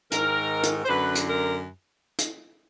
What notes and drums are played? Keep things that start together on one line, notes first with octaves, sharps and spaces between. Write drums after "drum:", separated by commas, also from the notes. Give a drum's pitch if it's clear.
G#2 D#3 A#4, drum: hi-hat
drum: hi-hat
C5
F#2 D3 B4
drum: hi-hat
A#4
drum: hi-hat